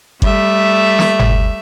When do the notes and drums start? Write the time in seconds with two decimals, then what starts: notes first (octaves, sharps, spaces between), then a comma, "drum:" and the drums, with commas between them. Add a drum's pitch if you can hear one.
0.22 G3 A3 E5, drum: kick G1
0.99 drum: snare
1.19 drum: tom G1